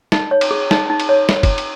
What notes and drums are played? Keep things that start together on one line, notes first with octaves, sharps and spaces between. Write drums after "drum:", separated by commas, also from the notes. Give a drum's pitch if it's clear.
D#4, drum: snare
C#5
drum: cymbal
G#4
D#4, drum: snare
D#4
drum: cymbal
C#5
drum: snare
drum: kick F#1, cymbal
drum: cymbal